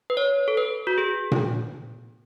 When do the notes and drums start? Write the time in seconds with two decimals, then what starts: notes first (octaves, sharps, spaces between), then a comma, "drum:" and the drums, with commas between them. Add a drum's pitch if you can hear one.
0.10 B4
0.17 C#5
0.48 A4
0.57 B4
0.87 F#4
0.98 G#4
1.32 drum: tom A#2